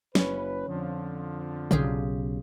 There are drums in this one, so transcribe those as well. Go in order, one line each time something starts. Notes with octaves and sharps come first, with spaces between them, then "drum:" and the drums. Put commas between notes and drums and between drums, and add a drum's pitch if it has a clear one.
F#1 C#4 B4, drum: snare
F2 D3 F3
B1 C#3 F4 G4 G#4, drum: tom C#3